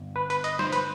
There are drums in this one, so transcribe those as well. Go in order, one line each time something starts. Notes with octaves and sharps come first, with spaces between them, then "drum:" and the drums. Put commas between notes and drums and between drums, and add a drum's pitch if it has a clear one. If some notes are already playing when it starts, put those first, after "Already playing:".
Already playing: G1
B4
B4, drum: hi-hat
D#5, drum: hi-hat
C5, drum: snare
B4, drum: hi-hat